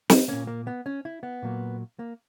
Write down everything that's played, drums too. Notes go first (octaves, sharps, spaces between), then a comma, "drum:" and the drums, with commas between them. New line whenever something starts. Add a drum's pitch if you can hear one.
D#4, drum: snare
A#2 A#3 C#4
A#3
B3
C#4
E4
B3
A#2 F#3 A#3
A#3